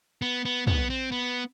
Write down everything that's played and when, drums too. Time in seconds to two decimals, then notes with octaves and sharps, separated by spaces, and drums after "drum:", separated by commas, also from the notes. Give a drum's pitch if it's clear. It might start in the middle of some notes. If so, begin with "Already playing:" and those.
0.22 B3
0.45 B3
0.67 B3, drum: tom
0.90 C4
1.12 B3